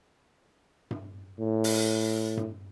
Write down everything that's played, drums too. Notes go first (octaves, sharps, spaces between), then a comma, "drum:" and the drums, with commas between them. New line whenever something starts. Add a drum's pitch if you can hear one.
drum: tom G2
A2
drum: open hi-hat
drum: tom G2